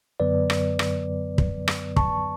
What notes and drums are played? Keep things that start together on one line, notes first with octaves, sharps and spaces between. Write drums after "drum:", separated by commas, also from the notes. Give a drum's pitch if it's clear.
F#2 D3 F#3 B3 B4 D5
drum: rim click
drum: rim click
drum: kick
drum: rim click
A5 C#6, drum: kick